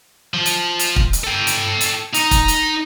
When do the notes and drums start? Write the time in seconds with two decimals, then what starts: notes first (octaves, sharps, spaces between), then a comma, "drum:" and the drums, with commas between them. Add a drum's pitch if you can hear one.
0.34 F3
0.46 drum: hi-hat
0.79 drum: hi-hat
0.96 drum: kick
1.13 drum: hi-hat
1.24 A4 G5
1.47 drum: hi-hat
1.81 drum: hi-hat
2.14 D#4, drum: hi-hat
2.31 drum: kick, hi-hat
2.48 drum: hi-hat